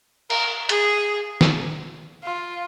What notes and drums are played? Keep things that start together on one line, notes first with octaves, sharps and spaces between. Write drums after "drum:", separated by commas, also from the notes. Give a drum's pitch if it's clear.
A#4, drum: cymbal
G#4, drum: hi-hat
drum: snare
F4